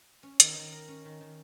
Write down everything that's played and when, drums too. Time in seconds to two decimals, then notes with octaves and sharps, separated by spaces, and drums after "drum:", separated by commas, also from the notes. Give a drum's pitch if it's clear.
0.23 C#4
0.40 D#3, drum: hi-hat
0.56 D#3
0.72 A#4
0.88 C#4
1.05 D#3
1.21 D#3